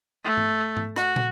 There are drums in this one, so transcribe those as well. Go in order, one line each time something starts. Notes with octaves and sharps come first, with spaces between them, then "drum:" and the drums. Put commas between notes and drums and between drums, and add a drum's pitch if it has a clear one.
A3
drum: tom G#2
drum: tom G#2
F#4, drum: rim click
drum: tom